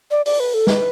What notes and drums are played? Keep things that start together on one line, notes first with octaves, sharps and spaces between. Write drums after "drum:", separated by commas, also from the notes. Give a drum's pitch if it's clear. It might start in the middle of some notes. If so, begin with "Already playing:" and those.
D5
D5, drum: open hi-hat
B4
A4
B4, drum: snare